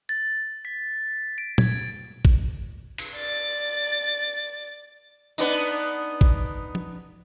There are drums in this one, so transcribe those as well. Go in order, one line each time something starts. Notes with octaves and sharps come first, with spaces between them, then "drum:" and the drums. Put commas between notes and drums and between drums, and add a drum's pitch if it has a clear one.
A6
B6
D7
G#6, drum: tom
drum: kick A1
drum: cymbal
D5 A6
B3 D4 D#4, drum: tambourine
drum: kick A1
drum: tom